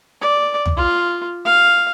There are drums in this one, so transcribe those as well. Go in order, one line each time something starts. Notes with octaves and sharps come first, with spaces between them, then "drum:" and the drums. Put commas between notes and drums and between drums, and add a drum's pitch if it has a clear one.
D5
drum: tom
F4
F5